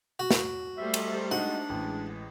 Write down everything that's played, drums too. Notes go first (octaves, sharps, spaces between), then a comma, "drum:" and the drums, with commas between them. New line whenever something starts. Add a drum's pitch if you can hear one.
F#4
drum: snare
G3 A3 C5 E5
drum: cymbal
G#3 D4 D#4 F#4 F#5
A1 G#3